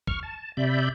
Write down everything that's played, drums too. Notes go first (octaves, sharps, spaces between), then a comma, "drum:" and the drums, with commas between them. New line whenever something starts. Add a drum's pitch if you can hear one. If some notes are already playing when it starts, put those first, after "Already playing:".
C#6 F6, drum: kick
A5
C3 D5 E5 B5 G6